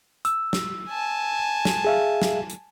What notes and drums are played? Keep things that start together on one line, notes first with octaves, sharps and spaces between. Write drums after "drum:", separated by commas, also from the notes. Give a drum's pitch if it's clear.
E6, drum: hi-hat
drum: snare
G#5 A5
drum: snare
G#4 E5 F5
drum: snare
drum: hi-hat